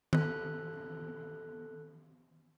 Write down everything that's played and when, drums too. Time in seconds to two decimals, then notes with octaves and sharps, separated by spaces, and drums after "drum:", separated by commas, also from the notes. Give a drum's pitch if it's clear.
0.13 A4 F#6, drum: tom D#3